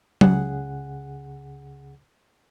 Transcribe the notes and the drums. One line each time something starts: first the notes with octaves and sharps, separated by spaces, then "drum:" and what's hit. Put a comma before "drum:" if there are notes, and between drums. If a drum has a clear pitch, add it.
C#2 C#3 G#4 F#5, drum: tom F#3